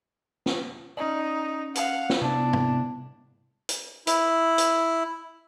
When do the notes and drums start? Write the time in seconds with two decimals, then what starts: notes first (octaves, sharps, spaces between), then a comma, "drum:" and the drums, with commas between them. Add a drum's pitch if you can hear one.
0.46 drum: snare
0.97 C#4 D#4 D5
1.75 F5 F#5, drum: hi-hat
2.10 drum: snare
2.21 C3 B3 D4 E4
2.53 drum: tom
3.69 drum: hi-hat
4.07 E4, drum: hi-hat
4.58 drum: hi-hat